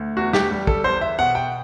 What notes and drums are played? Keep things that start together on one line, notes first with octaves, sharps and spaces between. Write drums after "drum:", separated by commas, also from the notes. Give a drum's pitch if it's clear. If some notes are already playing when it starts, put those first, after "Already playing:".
Already playing: D2
E2 F#4
G4, drum: snare
G3
A4, drum: kick
E2 C5
E5
B2 F#5
G5